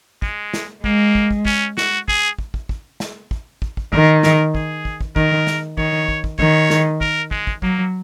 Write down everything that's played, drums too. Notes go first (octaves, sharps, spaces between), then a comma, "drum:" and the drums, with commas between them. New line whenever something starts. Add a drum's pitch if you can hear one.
G#3, drum: kick
drum: snare
G#3 A#3, drum: kick
drum: kick
drum: kick
C#4, drum: kick
F#4, drum: snare
G#4, drum: kick
drum: kick
drum: kick
drum: kick
drum: snare
drum: kick
drum: kick
drum: kick
D#3 A#4, drum: kick
A#4, drum: snare
G#4, drum: kick
drum: kick
drum: kick
D#3 A#4, drum: kick
drum: snare
D#3 C#5, drum: kick
drum: kick
drum: kick
D#3 C#5, drum: kick
drum: snare
A#4, drum: kick
G#3, drum: kick
drum: kick
F#3 A#3, drum: kick